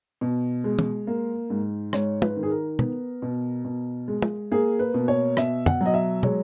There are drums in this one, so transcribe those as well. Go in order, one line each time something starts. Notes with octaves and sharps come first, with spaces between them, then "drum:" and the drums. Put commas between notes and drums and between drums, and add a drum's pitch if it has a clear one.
B2
G#3
drum: tom
A#3
G#2
G#2 C#5, drum: rim click
B4, drum: tom
D#3
G#4
A#4
B3, drum: tom
B2
B2
G#3
drum: tom
A#3 G#4
B4
B2
C#5
B2 E5, drum: rim click
F#5, drum: tom
F#3 D#5
E5
G#3 C#5, drum: tom